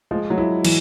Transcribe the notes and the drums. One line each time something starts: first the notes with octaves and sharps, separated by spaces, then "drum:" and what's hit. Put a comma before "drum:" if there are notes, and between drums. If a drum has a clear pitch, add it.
F3 G#3
F#3
E4
E3, drum: cymbal